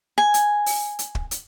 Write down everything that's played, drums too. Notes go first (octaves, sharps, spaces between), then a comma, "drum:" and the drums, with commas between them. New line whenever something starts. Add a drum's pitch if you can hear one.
G#5
drum: hi-hat
drum: open hi-hat
drum: hi-hat
drum: kick
drum: hi-hat